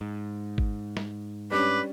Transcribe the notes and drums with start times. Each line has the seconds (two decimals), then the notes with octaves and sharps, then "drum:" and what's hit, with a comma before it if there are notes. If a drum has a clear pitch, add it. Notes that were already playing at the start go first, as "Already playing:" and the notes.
0.01 G#2
0.58 drum: kick G#1
0.97 drum: snare
1.52 G3 C#4 D4 B4 D6